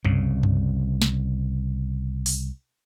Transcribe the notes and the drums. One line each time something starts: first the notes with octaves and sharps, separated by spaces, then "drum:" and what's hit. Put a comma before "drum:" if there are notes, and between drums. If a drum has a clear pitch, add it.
C2 C#3, drum: tom F#2
drum: tom F#2
drum: snare
drum: open hi-hat